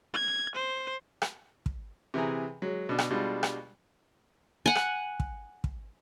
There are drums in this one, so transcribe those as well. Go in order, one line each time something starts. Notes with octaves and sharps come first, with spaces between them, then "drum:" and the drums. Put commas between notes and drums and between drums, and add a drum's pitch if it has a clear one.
G#6
C5
drum: rim click
drum: kick
C3 E3 G#4 A#5
F#3 G#3
B2 D4
drum: rim click
B2 G3 G#3 D4 F4
drum: rim click
F#5 G#5
drum: rim click
drum: kick
drum: kick